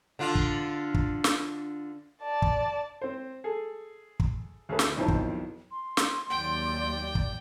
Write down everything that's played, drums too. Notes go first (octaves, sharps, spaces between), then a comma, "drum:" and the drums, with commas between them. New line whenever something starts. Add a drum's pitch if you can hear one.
D3 D4 F4
drum: kick
drum: kick
drum: snare
D5 A5
drum: kick
C4 C5
G#4 A4
drum: kick
D2 G#4 A4 B4
drum: snare
B1 F2 D#3 E3 C5 A5
drum: kick
C6
drum: snare
D#2 F#3 D5 G5
drum: kick